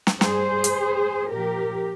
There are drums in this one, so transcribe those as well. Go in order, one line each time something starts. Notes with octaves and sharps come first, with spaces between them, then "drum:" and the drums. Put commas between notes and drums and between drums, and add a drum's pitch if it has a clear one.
drum: snare
G2 G3 G#4 C5, drum: snare
drum: hi-hat
A#2 F3 G4 A#4